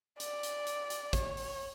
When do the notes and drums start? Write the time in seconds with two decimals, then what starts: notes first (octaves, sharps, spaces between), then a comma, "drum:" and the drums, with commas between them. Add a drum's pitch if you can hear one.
0.20 D5, drum: hi-hat
0.43 drum: hi-hat
0.66 drum: hi-hat
0.90 drum: hi-hat
1.13 C#5, drum: kick, hi-hat
1.37 drum: open hi-hat